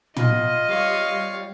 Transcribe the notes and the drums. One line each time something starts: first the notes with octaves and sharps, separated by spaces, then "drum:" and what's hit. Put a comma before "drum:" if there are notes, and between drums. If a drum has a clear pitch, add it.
B2 F4 D#5, drum: tom
G3 C#5 F5